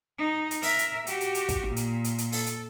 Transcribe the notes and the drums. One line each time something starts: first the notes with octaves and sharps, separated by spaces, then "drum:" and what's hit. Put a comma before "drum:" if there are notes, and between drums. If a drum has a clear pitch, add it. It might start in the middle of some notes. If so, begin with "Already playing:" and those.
D#4
drum: hi-hat
A#4 E5, drum: open hi-hat
drum: hi-hat
F#4 G4, drum: hi-hat
drum: hi-hat
drum: hi-hat
drum: kick, hi-hat
A#2
drum: hi-hat
drum: hi-hat
drum: hi-hat
A4, drum: open hi-hat
drum: hi-hat